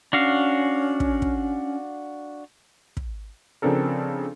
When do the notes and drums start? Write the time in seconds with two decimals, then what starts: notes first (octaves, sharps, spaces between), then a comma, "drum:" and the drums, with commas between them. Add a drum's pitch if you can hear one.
0.13 C#4 D4 F#4 F5
1.00 drum: kick
1.22 drum: kick
2.97 drum: kick
3.62 C#3 F3 C4 D4 A4 A#4